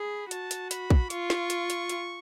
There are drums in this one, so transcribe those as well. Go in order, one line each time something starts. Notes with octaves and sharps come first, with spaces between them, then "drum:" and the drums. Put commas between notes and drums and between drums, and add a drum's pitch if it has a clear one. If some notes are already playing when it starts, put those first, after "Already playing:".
Already playing: G#4 B5
F#4 A5, drum: hi-hat
drum: hi-hat
B5, drum: hi-hat
drum: kick
F4 C#6, drum: hi-hat
drum: snare
drum: hi-hat
drum: hi-hat
drum: hi-hat